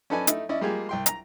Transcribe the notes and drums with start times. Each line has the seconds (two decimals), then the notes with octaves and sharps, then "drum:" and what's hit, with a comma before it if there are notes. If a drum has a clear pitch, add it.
0.10 C#4 D#4 A4 B4 D5 G#5
0.27 A3 D#4 E4, drum: hi-hat
0.49 C#4 E4 D5 D#5
0.61 G3 G#3 A#3 F4 G4 G#4
0.89 C2 G5 C6
1.06 A#5, drum: hi-hat